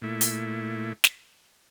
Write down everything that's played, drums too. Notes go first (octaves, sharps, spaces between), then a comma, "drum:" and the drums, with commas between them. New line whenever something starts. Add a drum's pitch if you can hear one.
A#2 A3 E4
drum: hi-hat
drum: snare